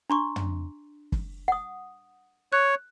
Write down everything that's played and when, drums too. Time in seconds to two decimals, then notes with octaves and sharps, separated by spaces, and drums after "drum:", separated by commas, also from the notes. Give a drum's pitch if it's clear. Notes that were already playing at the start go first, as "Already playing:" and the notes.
0.10 D4 A#5 C6 C#6
0.36 drum: tom
1.12 drum: kick F#1
1.48 F#5 D#6
2.53 C#5 F#6